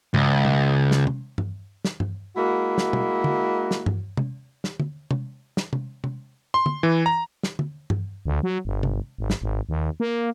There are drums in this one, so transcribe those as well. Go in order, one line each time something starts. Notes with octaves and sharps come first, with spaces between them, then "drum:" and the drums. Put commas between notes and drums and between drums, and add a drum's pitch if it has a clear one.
C#2, drum: tom G2
drum: tom B2
drum: snare
drum: tom C3
drum: tom G2
drum: snare
drum: tom G2
G#3 A#3 E4 F#4
drum: snare
drum: tom B2
drum: tom
drum: snare
drum: tom G2
drum: tom C3
drum: snare
drum: tom
drum: tom C3
drum: snare
drum: tom C3
drum: tom C3
C6
drum: tom
E3
A#5
drum: snare
drum: tom
drum: tom G2
D2
F#3
G1
drum: tom C3
G#1
drum: snare
G#1
D#2
A#3